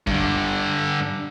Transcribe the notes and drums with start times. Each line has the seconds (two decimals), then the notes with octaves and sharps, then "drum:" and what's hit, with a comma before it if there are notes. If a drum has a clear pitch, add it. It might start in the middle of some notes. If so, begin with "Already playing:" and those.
0.07 G2 D3, drum: kick F#2